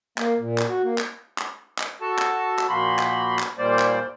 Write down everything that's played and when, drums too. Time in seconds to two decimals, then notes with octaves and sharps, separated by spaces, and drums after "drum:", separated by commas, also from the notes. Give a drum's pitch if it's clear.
0.18 A#3, drum: clap
0.39 A#2
0.58 drum: clap
0.69 F#4
0.83 A#3
0.98 drum: clap
1.38 drum: clap
1.79 drum: clap
2.01 F#4 A4 A5
2.19 drum: clap
2.59 drum: clap
2.69 A#2 F3 A#3 F#4 B5 C6
2.99 drum: clap
3.39 drum: clap
3.58 D#2 A#2 G3 A#3 C5 D5
3.79 drum: clap